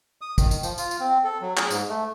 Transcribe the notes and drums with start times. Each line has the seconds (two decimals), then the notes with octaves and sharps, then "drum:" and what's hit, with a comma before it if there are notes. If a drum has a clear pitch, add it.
0.21 D#6
0.38 D#3, drum: kick, tambourine
0.51 drum: tambourine
0.63 F3, drum: tambourine
0.78 F4, drum: tambourine
0.91 drum: tambourine
1.00 C4
1.24 A4
1.41 F#3
1.57 G#4, drum: clap
1.71 G#2, drum: tambourine
1.89 A3